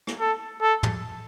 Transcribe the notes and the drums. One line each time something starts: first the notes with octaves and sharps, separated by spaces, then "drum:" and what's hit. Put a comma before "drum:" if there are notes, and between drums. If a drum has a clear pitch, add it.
drum: rim click
A4
A4
drum: tom